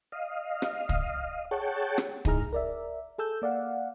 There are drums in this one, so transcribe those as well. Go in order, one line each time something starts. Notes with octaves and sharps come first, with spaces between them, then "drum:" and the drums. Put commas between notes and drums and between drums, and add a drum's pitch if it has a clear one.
D#5 F5
drum: rim click
drum: kick
G#4 C#5 F#5 G5 A5
drum: rim click
G#2 D#4 E4 G#4 A#5 F6, drum: kick
A#4 D5 E5
G#4 A4 E6 G6
A#3 D5 F5 F#5